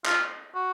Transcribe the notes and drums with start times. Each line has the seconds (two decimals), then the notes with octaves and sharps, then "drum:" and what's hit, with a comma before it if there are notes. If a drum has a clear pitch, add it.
0.06 F4, drum: clap
0.55 F#4